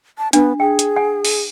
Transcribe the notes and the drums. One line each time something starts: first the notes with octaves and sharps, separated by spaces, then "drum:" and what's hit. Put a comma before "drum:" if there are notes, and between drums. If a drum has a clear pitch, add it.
A5
B3 D4, drum: hi-hat
G#4 G5
drum: hi-hat
F#5 G#5
drum: open hi-hat